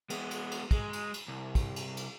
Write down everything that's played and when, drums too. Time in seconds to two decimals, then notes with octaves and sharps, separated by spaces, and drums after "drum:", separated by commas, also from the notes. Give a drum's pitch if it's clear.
0.10 G#3 B3, drum: cymbal
0.31 drum: cymbal
0.51 drum: cymbal
0.71 G#3, drum: kick, cymbal
0.93 drum: cymbal
1.14 drum: cymbal
1.28 C2
1.55 drum: kick, cymbal
1.76 drum: cymbal
1.97 drum: cymbal